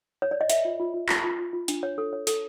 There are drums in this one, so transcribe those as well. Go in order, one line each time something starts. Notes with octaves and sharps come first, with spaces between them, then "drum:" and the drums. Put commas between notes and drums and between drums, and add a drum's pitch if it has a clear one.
C#5
D5
D#5
A#4 E5, drum: hi-hat
F4
F4
F4
F4, drum: clap
F4
F4
F4
D4, drum: hi-hat
C#5
A4
C#5
A4, drum: hi-hat